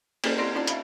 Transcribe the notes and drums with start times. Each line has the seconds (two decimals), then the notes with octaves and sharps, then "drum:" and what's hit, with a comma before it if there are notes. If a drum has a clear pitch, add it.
0.24 A#3 C#4 G#4 A4 C5 D5, drum: cymbal
0.38 C4 E4 G4 D5 C6
0.54 C#4 D#4 F4 D5 A5
0.67 E5 F5 B5, drum: hi-hat